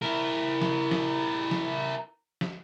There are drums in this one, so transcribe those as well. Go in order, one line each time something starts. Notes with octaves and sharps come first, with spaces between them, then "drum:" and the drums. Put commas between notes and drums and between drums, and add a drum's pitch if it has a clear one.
E4 A#4
drum: snare
drum: snare
drum: snare
drum: snare